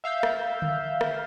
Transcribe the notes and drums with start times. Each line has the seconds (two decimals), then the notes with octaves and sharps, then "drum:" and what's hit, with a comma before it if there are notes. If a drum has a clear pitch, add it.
0.04 E5 F5 E6 G6
0.23 drum: rim click
0.62 drum: tom D3
1.01 drum: rim click